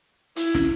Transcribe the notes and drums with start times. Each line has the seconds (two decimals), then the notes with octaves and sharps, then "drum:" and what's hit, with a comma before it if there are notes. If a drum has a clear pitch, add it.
0.36 E4, drum: hi-hat
0.55 drum: snare